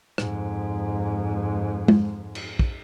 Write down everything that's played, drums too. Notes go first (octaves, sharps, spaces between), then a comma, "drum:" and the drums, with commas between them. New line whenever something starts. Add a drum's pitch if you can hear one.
F2 G#2, drum: rim click
drum: tom G#3
drum: cymbal
drum: kick